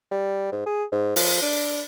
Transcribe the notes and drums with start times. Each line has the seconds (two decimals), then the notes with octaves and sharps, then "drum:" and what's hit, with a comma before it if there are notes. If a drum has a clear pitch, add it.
0.11 G3
0.52 G#2
0.66 G#4
0.92 G#2
1.16 F3, drum: open hi-hat
1.42 D4